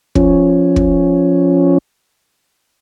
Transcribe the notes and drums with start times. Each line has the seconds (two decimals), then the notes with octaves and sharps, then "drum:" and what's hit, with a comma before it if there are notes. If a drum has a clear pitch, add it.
0.15 F3 C#4, drum: kick
0.76 drum: kick